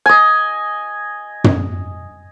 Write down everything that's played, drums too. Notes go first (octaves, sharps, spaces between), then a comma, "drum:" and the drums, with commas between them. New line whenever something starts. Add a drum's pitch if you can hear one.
D#5 G#5
drum: tom